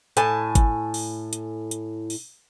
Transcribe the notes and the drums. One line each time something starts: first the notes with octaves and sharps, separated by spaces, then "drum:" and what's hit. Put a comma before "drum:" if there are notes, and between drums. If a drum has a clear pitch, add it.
A2 G#5 A5, drum: hi-hat
drum: kick G#1, hi-hat
drum: open hi-hat
drum: hi-hat
drum: hi-hat
drum: open hi-hat